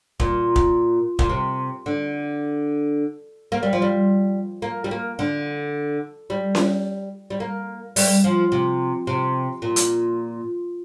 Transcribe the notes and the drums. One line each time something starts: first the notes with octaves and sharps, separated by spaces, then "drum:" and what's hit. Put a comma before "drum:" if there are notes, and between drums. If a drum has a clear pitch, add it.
A#2, drum: kick
drum: kick
A#2, drum: kick
C3
D3
A#3
G3
F3
G3
A#3
G3
A#3
D3
G3
drum: snare C#4
G3
A#3
G3, drum: open hi-hat
F3
C3
C3
A#2
drum: hi-hat